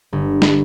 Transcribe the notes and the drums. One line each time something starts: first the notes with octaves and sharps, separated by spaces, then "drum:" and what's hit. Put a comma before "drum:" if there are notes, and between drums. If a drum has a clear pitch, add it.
G1
drum: snare